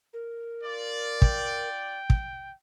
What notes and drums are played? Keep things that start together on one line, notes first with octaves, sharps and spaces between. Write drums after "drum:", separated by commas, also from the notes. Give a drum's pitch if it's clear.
A#4
F4 D5
G5, drum: kick
drum: kick